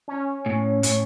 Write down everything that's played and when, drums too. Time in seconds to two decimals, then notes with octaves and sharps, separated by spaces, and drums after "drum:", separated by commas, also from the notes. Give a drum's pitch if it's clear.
0.08 C#4
0.46 A2
0.83 A2, drum: hi-hat